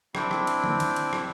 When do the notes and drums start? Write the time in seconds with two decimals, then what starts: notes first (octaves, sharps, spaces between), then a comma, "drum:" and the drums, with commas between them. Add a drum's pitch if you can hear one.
0.15 C4 D4 E4 G5, drum: rim click
0.31 drum: rim click
0.47 drum: cymbal
0.64 drum: tom D3
0.80 drum: cymbal
0.96 drum: cymbal
1.13 drum: rim click